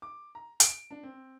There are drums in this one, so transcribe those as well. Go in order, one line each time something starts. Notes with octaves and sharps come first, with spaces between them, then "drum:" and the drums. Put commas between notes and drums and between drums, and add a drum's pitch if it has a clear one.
D6
A#5
D7, drum: hi-hat
D4
C4